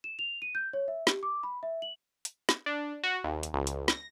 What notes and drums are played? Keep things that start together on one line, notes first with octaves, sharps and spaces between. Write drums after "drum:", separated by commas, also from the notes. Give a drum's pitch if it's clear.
E7
F7
D#7
G6
C#5
E5
G4, drum: snare
D6
B5
E5
F#7
drum: hi-hat
drum: snare
D4
F#4
D#2
drum: hi-hat
C#2
drum: hi-hat
A#6, drum: snare